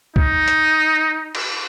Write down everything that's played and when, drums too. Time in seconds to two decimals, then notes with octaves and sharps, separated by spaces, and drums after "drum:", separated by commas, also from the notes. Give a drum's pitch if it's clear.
0.16 D#4, drum: kick C2
0.48 drum: hi-hat
1.35 drum: cymbal